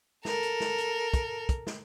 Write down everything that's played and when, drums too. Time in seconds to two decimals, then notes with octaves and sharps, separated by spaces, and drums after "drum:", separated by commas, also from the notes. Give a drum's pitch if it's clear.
0.25 A4 A#4, drum: snare
0.43 drum: hi-hat
0.60 drum: snare
0.78 drum: hi-hat
1.14 drum: kick, hi-hat
1.49 drum: kick, hi-hat
1.67 drum: snare